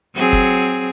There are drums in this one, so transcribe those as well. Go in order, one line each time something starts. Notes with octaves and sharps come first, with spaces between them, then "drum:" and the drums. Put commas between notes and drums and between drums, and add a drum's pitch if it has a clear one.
F#3 C4 G#4
drum: kick